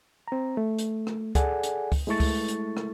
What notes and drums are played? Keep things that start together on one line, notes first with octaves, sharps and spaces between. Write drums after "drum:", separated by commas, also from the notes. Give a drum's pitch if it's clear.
C4 A#5
A3
drum: hi-hat
drum: rim click
G#4 A4 D5 F#5 G#5, drum: kick C#2, hi-hat
drum: hi-hat
drum: kick C#2, open hi-hat
G#3 A3 E4 A4 C#6 A6
drum: kick C#2, open hi-hat
drum: hi-hat
drum: rim click